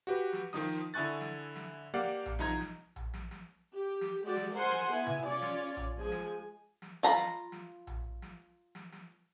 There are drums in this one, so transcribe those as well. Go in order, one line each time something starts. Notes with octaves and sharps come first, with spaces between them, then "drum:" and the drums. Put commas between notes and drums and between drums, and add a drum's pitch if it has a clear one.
F#4 G4 B4
drum: snare
D#3 F3 D#4 D#6, drum: snare
D3 E4 G#5 C#6 F#6 A6
drum: snare
drum: snare
A#3 G4 D5 F5 F#5, drum: snare
drum: tom A#1
C2 F3 D#4 A#5 G#6
drum: snare
drum: tom A#1
drum: snare
drum: snare
G4
drum: snare
G#3 F#4 G4 D5
drum: snare
A#4 C5 F#5 G#5 C6
drum: snare
B3 E4 G#5
drum: tom C3
C#4 F4 C#5 D5
drum: snare
drum: tom A#1
F3 G#3 G#5
drum: snare
drum: snare
F4 A#5 B5
drum: snare
drum: snare
drum: tom A#1
drum: snare
drum: snare
drum: snare